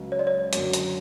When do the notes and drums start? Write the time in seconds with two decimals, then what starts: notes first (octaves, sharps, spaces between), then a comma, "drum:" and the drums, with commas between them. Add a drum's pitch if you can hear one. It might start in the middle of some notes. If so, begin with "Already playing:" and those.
Already playing: C#2 C#3 F#3
0.12 C#5
0.19 D5
0.27 C#5
0.53 F#2 D3 F#3 C#5, drum: hi-hat
0.73 drum: hi-hat